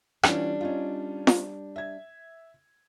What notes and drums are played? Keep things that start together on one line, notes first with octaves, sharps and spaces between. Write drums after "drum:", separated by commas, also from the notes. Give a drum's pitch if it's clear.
E3 G3 C#4 D4 F4, drum: rim click
C#4 D#4 F4
drum: snare
E5 G#6